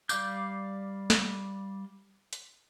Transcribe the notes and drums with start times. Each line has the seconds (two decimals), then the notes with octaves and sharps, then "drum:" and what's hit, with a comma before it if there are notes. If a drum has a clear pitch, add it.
0.09 G3 D5 F5 D6 G6, drum: tambourine
1.10 drum: snare
2.33 drum: hi-hat